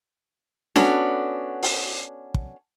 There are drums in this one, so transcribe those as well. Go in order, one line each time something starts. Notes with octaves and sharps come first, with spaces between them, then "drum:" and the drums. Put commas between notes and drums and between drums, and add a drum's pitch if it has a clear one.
B3 C#4 D4 F#4 A4, drum: snare D4
drum: open hi-hat
drum: kick